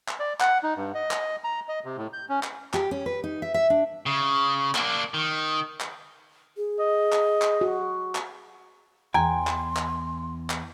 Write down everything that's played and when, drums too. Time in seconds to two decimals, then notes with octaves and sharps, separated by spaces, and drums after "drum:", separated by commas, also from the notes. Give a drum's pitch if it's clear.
0.08 drum: clap
0.20 D5
0.40 F#5, drum: clap
0.63 D#4
0.76 G2
0.95 D#5
1.11 drum: clap
1.44 A#5
1.68 D#5
1.84 C3
1.97 A2
2.13 G6
2.29 C#4
2.43 drum: clap
2.74 G4, drum: clap
2.91 C#4
3.06 B4
3.24 D#4
3.42 E5
3.54 E5
3.70 D4
4.06 C#3
4.75 A#3 D4, drum: clap
5.14 D#3
5.80 drum: clap
6.57 G#4
6.80 D#5
7.12 drum: clap
7.42 drum: clap
7.61 F#4
8.15 drum: clap
9.14 E2 G5 G#5 A#5 C6
9.47 drum: clap
9.77 drum: clap
10.50 drum: clap